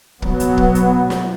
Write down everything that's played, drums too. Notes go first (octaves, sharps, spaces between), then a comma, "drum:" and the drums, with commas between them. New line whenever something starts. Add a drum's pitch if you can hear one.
B2 F#3 B3, drum: kick
drum: hi-hat
drum: kick
drum: hi-hat
drum: snare